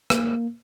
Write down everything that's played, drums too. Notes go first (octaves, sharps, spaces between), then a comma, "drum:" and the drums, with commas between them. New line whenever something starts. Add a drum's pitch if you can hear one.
A#3, drum: rim click